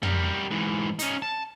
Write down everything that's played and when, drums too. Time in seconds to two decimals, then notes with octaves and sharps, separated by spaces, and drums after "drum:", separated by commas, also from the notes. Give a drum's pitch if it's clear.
0.03 G3 A#4, drum: tom
0.51 G#2 E3
0.99 C#4 D#4, drum: hi-hat
1.22 A5